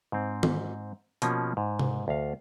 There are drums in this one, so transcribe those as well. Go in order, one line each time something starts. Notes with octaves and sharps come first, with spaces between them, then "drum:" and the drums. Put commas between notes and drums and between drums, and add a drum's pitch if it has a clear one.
G#2 C4
drum: tom D#3
B2 F3 A#3 C#4, drum: hi-hat
G#2
drum: tom C3
D2 F5